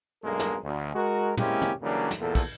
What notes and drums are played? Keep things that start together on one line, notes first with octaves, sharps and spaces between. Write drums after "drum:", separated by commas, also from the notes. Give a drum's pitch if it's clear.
B1 G2 G#3 A#3 A4 A#4
drum: snare
D2
G#3 F#4 A#4
G#3 A#3 C4 C#4 E4 G4, drum: tom
drum: tom
C#3 E3 F#3 G3 A#3 D4
drum: snare
E2 A#2 A4
drum: kick, cymbal